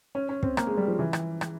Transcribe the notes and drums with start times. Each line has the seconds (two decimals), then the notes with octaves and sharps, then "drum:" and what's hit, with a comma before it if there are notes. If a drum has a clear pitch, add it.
0.15 C#4
0.29 C#4
0.43 C4, drum: kick
0.57 A#3, drum: rim click
0.67 G#3
0.77 G3
0.88 F3
0.99 E3
1.13 drum: rim click
1.41 drum: rim click